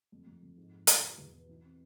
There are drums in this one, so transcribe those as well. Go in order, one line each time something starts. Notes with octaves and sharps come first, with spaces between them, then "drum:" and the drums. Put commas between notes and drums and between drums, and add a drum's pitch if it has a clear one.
F2
F2
F2
G#2
G#2
G#2, drum: hi-hat
B2
E2
B3
E3
C4